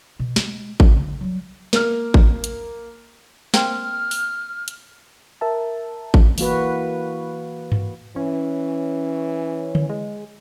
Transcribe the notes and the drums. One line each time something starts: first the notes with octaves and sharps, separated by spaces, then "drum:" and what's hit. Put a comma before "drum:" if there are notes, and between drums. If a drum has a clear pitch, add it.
B2
G#3, drum: snare
D#3, drum: kick G#1
D3
F#3 G3
A#3 F6, drum: snare
drum: kick G#1
drum: hi-hat
A#3 C4 F6, drum: snare
drum: open hi-hat
drum: hi-hat
A#4 E5 A5
drum: kick G#1
E3 A#3 F#4 B4, drum: open hi-hat
drum: tom G2
E3 C#4
drum: tom D3
G#3